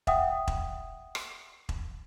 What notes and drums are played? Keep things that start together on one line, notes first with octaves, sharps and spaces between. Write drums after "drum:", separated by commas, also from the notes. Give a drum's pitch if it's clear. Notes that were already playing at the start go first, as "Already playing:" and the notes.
E5 F#5 G5 D#6, drum: kick E1
drum: kick E1
drum: rim click
drum: kick E1